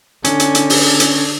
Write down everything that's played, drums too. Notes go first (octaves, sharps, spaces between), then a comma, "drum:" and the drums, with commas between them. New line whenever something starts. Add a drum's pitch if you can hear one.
D3 C#4, drum: hi-hat
drum: hi-hat
drum: hi-hat
drum: open hi-hat
drum: hi-hat